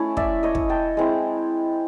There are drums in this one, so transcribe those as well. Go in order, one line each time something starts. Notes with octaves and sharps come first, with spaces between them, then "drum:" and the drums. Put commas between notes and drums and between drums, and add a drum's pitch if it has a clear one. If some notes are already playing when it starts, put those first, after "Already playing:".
Already playing: A3 C#4 E4
D5 E5, drum: kick
C#5 D#5
drum: kick
G5 A5
G#3 C4 E4